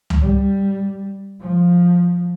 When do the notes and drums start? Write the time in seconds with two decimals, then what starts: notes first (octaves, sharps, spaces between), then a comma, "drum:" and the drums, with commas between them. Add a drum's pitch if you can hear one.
0.10 drum: tom C#2
0.21 G3
1.41 F3